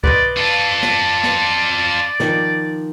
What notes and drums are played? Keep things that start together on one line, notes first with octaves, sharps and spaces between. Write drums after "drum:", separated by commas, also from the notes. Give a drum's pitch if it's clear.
B4 C5 D5 D#5, drum: kick C2
F4 A4 D5
drum: snare
drum: snare
D#3 F3, drum: snare